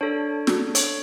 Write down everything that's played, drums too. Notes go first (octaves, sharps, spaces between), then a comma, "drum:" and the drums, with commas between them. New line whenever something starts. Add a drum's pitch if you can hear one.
D4 A4 C#5
drum: snare
C#5, drum: hi-hat